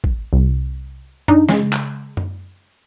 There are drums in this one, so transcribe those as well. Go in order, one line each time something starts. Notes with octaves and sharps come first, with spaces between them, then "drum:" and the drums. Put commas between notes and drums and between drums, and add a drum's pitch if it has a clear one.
drum: kick
C2
D4 D#4, drum: tom F#2
C#3 G#3, drum: snare
drum: clap
drum: tom F#2